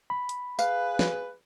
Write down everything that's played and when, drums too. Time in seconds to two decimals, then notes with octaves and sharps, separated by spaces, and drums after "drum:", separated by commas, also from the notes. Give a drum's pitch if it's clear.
0.10 B5
0.29 drum: hi-hat
0.59 G#4 B4 F5, drum: tambourine
0.99 drum: snare